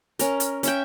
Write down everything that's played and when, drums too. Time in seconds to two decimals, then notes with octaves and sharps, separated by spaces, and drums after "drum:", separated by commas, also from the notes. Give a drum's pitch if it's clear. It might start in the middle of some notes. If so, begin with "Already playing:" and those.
0.19 C#4 A#4, drum: hi-hat
0.40 drum: hi-hat
0.63 C#4 E5 G5, drum: hi-hat